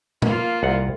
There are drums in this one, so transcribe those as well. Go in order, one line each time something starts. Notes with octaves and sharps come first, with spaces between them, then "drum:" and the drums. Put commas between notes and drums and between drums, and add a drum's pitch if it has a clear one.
A#3 F4, drum: tom A#2
C2 F#5